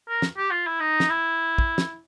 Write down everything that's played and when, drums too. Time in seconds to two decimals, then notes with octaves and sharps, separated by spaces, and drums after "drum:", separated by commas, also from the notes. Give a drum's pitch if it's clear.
0.08 A#4
0.22 drum: snare
0.37 G4
0.51 F4
0.67 E4
0.80 D#4
1.00 drum: snare
1.10 E4
1.58 drum: kick
1.78 drum: snare